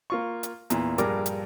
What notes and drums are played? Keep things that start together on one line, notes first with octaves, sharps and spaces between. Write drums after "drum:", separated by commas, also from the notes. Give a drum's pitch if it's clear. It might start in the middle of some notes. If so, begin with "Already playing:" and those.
A#3 F4 C#6
drum: hi-hat
E2 A#2, drum: hi-hat
A#1 G2 G3 G#4 A#4 D6, drum: hi-hat
drum: hi-hat